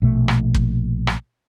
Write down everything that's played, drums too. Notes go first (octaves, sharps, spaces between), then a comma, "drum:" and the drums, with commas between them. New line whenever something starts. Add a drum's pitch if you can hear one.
A#1 B2 A3
drum: rim click
drum: kick
drum: rim click